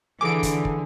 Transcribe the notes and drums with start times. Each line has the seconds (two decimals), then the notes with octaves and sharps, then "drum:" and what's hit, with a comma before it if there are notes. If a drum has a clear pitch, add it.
0.21 D3 E3 G#4 A4 G#5 D6 D7
0.43 drum: kick, hi-hat
0.65 drum: kick